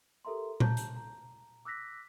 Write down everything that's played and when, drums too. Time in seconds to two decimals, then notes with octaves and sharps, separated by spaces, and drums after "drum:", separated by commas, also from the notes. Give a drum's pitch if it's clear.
0.25 G4 A4 A#4 E5 A#5 C6
0.60 A5 A#5 G6, drum: tom A#2
0.77 drum: hi-hat
0.96 A#5
1.65 D6 E6 F#6 A#6 B6